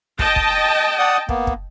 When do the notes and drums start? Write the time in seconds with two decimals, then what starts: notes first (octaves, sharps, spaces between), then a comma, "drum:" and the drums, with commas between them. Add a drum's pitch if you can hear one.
0.19 D#5 G5 A5, drum: kick
0.36 drum: kick
0.99 D5 F#5 D#6
1.29 A#3 B3, drum: kick
1.47 drum: kick